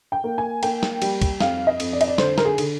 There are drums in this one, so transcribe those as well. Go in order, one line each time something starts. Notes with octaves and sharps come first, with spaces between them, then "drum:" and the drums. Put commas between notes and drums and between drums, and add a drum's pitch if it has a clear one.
G5
A#3
G#5
A#3 G5, drum: cymbal
drum: snare
G3, drum: cymbal
drum: kick, cymbal
F2 F5, drum: snare
D#5
F2, drum: cymbal
D5
D#5, drum: cymbal
D5
D3 C5, drum: snare
A#4, drum: snare
G#4
D3, drum: cymbal